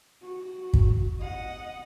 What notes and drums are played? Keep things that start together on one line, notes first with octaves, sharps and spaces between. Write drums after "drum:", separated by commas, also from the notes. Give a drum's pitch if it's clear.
F#4
drum: kick
D#5 F#5